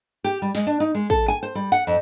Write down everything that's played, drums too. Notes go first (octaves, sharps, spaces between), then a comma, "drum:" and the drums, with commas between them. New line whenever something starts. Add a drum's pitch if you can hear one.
G4
G3
G#3, drum: snare
D4
D#4
G#3
A4, drum: kick
G#5
C5
G3
F#5
F2